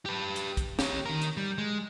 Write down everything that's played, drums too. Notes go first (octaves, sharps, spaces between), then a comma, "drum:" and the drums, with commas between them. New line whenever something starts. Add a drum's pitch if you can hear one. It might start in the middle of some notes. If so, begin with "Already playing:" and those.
G4 B4
drum: hi-hat
drum: kick, hi-hat
G4 C#5, drum: snare
D#3 A#4
drum: hi-hat
G3
G#3